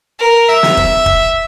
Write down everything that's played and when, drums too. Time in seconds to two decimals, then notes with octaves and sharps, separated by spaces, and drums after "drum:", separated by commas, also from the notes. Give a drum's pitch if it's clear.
0.20 A#4
0.49 E5
0.63 drum: snare
0.77 drum: kick
1.06 drum: kick